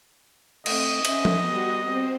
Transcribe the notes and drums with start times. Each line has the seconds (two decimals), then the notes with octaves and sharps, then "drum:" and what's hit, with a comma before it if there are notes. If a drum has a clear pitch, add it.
0.66 A3 C4 D#5, drum: cymbal
1.05 C#4 E5, drum: cymbal
1.25 drum: tom F3
1.43 G3 B3 F#4
1.81 C4 C5